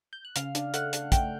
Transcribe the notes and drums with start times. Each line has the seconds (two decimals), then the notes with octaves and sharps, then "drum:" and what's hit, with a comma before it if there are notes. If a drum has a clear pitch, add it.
0.13 G6
0.25 F#6
0.36 C#3 F5 F6, drum: hi-hat
0.55 D4, drum: hi-hat
0.74 A3 F#5 F#6, drum: hi-hat
0.93 D4, drum: hi-hat
1.12 A3 G5 G6, drum: kick, hi-hat